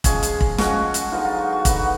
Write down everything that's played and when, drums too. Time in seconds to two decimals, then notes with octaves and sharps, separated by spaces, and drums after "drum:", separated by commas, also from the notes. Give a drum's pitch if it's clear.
0.04 F3 G#3 C#4 G#4, drum: kick, hi-hat
0.23 drum: hi-hat
0.41 drum: kick
0.58 F3 G#3 C#4 F#4, drum: snare
0.94 drum: hi-hat
1.12 D3 F#3 B3 D#4 F4
1.25 F4
1.39 F#4
1.52 F#4
1.65 D3 F#3 B3 D#4 F#4, drum: kick, hi-hat